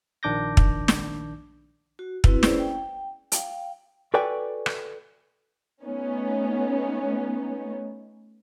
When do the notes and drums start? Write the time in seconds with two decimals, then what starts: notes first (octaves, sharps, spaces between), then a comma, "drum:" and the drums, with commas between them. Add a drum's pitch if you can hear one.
0.23 A#1 D#3 D4 D6 G6 A#6
0.57 drum: kick
0.88 drum: snare
1.99 F#4
2.24 C4 E4 F#4 B4, drum: kick
2.43 C#4 E4 G#4 B4 C5 D5, drum: snare
2.59 G5
3.32 F5 G5, drum: hi-hat
4.14 F#4 A4 B4 D5 G5 G#5
4.66 drum: rim click
5.84 A3 B3 C#4 D#4